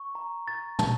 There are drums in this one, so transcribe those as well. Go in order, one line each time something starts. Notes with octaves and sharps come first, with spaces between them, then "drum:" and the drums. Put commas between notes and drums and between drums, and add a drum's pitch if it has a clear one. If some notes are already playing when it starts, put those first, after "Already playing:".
Already playing: C#6
A#5
A6
A5, drum: tom